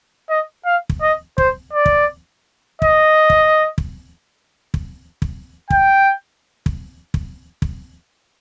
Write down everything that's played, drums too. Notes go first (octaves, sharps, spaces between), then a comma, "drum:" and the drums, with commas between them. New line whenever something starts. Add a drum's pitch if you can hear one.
D#5
F5
drum: kick
D#5
C5, drum: kick
D5
drum: kick
D#5, drum: kick
drum: kick
drum: kick
drum: kick
drum: kick
G5, drum: kick
drum: kick
drum: kick
drum: kick